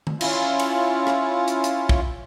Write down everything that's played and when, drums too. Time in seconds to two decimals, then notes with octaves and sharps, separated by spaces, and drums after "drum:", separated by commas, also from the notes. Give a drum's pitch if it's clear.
0.07 drum: tom D#3
0.21 C#4 E4 F4, drum: cymbal
0.59 drum: cymbal
1.07 drum: rim click
1.48 drum: hi-hat
1.64 drum: hi-hat
1.89 drum: kick